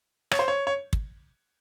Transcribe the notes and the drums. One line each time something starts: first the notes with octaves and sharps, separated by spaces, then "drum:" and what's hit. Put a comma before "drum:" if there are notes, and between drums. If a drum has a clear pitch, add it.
C#5, drum: rim click
C5
C#5
C#5
drum: kick